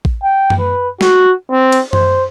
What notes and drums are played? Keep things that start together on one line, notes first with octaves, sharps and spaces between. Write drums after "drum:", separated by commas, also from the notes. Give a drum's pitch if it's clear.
drum: kick A1
G5
drum: tom F#2
B4
F#4, drum: snare
C4
drum: cymbal
C5, drum: tom F#2